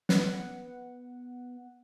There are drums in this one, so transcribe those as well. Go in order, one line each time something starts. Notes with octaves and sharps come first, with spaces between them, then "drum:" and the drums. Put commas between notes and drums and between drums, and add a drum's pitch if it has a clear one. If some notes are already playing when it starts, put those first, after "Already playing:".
B3 F#5, drum: snare